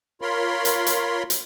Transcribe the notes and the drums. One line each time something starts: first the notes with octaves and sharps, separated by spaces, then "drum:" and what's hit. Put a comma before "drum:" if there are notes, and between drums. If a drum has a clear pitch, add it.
F4 A#4 C#5 B5 C6
drum: hi-hat
drum: hi-hat
drum: hi-hat